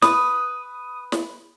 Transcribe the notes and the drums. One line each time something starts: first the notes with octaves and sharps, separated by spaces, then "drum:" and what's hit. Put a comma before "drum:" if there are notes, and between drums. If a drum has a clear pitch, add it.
B4 D#6, drum: snare
drum: snare